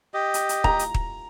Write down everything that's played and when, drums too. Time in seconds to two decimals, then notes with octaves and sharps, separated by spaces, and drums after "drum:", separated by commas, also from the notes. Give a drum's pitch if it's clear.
0.14 G4 D#5
0.34 drum: hi-hat
0.49 drum: hi-hat
0.64 A#5, drum: kick
0.79 drum: hi-hat
0.94 drum: kick